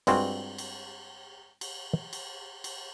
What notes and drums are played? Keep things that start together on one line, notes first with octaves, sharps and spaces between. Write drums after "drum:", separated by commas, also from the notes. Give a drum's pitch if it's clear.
G2 G#3 C4 F4 F#4, drum: cymbal
drum: cymbal
drum: cymbal
drum: cymbal
drum: cymbal